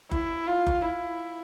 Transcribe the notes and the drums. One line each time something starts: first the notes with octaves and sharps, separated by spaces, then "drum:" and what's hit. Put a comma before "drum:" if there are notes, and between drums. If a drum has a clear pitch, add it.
E4, drum: kick F#1
F4
drum: kick F#1
E4